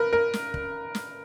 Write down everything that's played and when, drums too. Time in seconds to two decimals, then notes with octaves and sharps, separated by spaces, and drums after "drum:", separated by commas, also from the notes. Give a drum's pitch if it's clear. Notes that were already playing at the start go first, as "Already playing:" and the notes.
Already playing: A#4 B4
0.13 A#4
0.34 drum: snare
0.54 drum: kick
0.95 drum: snare